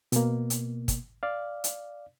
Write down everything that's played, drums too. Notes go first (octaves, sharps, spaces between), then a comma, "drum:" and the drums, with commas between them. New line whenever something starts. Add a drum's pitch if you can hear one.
B2 A#3, drum: hi-hat
drum: hi-hat
drum: kick, hi-hat
D5 F5
drum: hi-hat